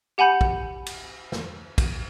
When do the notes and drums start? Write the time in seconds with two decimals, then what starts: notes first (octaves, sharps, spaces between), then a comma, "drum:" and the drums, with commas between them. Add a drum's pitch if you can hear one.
0.18 G4 F#5 G#5 B5 G6 C#7
0.41 drum: kick
0.86 drum: cymbal
1.32 drum: snare
1.78 drum: kick, cymbal